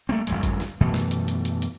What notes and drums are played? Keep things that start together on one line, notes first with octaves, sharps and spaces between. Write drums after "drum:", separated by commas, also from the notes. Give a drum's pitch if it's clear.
G3 A3 A#3 C4
G1 C2 F#2 G#3, drum: hi-hat
drum: kick G#1, hi-hat
drum: snare
F#2 B2 E3 A3
drum: snare
drum: hi-hat
drum: hi-hat
drum: hi-hat
drum: hi-hat